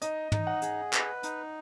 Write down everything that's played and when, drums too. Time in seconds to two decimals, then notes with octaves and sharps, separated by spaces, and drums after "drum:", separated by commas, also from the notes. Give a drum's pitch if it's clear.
0.02 D#4 D#5, drum: hi-hat
0.32 D#4, drum: tom
0.47 F#5
0.62 G#4, drum: hi-hat
0.93 B4, drum: clap
1.23 D#4, drum: hi-hat